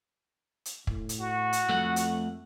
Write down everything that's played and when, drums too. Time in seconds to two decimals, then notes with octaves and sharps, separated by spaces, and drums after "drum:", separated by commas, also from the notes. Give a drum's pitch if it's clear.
0.65 drum: hi-hat
0.87 A2, drum: kick
1.09 drum: hi-hat
1.19 F#4
1.53 drum: hi-hat
1.69 F2 A3 F#5
1.96 drum: hi-hat